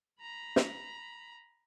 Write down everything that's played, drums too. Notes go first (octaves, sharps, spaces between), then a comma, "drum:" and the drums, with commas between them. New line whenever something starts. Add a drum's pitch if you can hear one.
A#5 B5
drum: snare